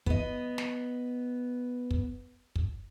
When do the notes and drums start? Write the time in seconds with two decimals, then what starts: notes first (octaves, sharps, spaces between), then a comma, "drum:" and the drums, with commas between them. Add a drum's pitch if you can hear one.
0.06 B3 D#5, drum: kick
0.58 drum: snare
1.91 drum: kick
2.56 drum: kick